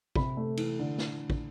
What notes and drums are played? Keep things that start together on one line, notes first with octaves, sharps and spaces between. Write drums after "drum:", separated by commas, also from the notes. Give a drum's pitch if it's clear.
C3 B5, drum: kick
A3
E3, drum: cymbal
D3
drum: snare
drum: kick